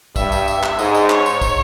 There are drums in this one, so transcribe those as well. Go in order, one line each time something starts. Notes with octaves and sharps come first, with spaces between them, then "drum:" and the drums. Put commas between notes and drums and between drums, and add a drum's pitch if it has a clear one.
G2 E5, drum: kick, tambourine
drum: tambourine
drum: tambourine
drum: clap
G#2 D#5, drum: tambourine
drum: tambourine
C#5, drum: clap
drum: tambourine
drum: kick, tambourine